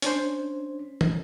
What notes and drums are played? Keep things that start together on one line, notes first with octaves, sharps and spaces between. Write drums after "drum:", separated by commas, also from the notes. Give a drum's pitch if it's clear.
C#4 D4 C5, drum: hi-hat
drum: tom